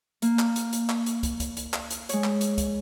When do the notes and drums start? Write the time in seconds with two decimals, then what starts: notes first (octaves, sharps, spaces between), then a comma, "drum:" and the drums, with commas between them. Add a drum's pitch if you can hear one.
0.22 A#3, drum: hi-hat
0.39 drum: clap
0.56 drum: hi-hat
0.73 drum: hi-hat
0.89 drum: clap
1.06 drum: hi-hat
1.23 drum: kick, hi-hat
1.40 drum: kick, hi-hat
1.57 drum: hi-hat
1.74 drum: clap
1.90 drum: hi-hat
2.09 G#3 C#5, drum: hi-hat
2.24 drum: clap
2.41 drum: hi-hat
2.58 drum: kick, hi-hat